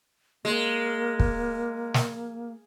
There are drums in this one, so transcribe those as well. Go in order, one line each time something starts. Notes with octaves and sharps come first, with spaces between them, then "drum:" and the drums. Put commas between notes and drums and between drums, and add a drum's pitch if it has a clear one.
G#3 A#3
drum: kick
drum: snare